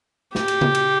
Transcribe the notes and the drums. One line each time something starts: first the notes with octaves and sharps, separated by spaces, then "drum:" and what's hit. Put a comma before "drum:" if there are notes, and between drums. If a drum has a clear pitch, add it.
G4, drum: snare
drum: cymbal
drum: tom C#3
drum: cymbal